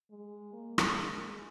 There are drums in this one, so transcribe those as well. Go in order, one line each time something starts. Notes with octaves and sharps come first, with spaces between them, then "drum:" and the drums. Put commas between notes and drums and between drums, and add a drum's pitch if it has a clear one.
G#3
A#3
drum: rim click
G#3